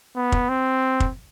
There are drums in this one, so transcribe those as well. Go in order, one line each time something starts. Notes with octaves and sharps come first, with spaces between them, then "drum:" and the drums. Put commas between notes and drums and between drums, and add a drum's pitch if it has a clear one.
B3
drum: kick
C4
drum: kick